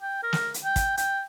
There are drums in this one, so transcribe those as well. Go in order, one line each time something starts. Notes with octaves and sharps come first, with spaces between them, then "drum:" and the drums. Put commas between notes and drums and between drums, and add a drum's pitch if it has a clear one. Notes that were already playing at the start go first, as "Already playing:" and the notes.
G5
A#4
drum: snare
drum: hi-hat
G5
drum: kick, hi-hat
G5, drum: hi-hat